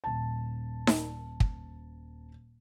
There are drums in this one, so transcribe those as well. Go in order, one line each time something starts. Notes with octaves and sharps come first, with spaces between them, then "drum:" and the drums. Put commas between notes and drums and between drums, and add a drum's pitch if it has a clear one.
D#1 A5
drum: snare D#4
drum: kick